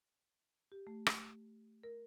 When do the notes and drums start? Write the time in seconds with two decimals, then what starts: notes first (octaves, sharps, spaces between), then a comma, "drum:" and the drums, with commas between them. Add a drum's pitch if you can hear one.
0.72 G4
0.87 A3
1.07 drum: rim click
1.83 A#4